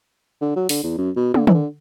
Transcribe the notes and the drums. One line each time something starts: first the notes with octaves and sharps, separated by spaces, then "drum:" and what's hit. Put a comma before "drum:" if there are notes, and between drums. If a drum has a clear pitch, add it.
D3
F#3
D3, drum: open hi-hat
E2
F#2
B2
D3, drum: tom
E3, drum: tom
D3